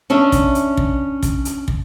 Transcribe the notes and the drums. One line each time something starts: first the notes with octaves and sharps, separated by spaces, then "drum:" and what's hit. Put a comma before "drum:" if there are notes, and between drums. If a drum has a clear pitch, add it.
C#4 D4 E5
drum: kick, hi-hat
drum: hi-hat
drum: kick
drum: kick, hi-hat
drum: hi-hat
drum: kick